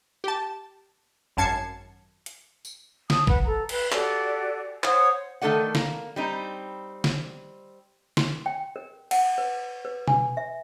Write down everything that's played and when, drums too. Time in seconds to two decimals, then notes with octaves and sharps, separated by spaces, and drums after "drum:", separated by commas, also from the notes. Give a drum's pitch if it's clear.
0.24 G4 A5
1.37 G#1 F#2 A5 G#6 C7 C#7
2.26 drum: hi-hat
2.65 drum: tambourine
3.10 A5 D#6, drum: snare
3.27 B4 F#5 B5, drum: kick
3.46 A4 A#5
3.69 B4, drum: cymbal
3.92 F#4 G4 A4 D5, drum: clap
4.84 C5 C#5 F#5 D#6, drum: clap
5.42 D#3 A3 A4 D5 F#5
5.75 A#3, drum: snare
6.16 G3 C4 D#4
7.04 drum: snare
8.17 C6, drum: snare
8.46 G5
8.76 A#4
9.11 F#5, drum: cymbal
9.38 B4
9.85 B4
10.08 G#5, drum: tom B2
10.37 E5